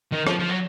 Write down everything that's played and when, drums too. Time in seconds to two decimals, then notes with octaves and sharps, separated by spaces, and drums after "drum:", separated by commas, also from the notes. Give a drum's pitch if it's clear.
0.12 D#3
0.27 F3, drum: rim click
0.40 F3
0.50 F#3